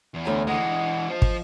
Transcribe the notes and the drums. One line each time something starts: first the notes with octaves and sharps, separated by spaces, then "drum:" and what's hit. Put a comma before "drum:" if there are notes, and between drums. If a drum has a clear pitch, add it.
E2
D2 C#5 G#5
E3 G#3 D#5 F#5
F3
drum: kick